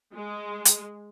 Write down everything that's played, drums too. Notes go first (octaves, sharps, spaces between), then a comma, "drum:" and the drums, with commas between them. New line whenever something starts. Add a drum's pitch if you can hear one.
G#3
drum: hi-hat